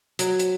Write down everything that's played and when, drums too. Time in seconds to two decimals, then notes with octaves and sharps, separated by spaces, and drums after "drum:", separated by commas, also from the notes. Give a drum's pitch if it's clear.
0.19 F#3, drum: hi-hat
0.39 drum: hi-hat